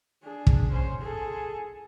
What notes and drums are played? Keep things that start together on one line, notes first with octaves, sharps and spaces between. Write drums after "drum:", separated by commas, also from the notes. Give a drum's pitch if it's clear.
D4 G#4
drum: kick
C#4 C5
G#4 A4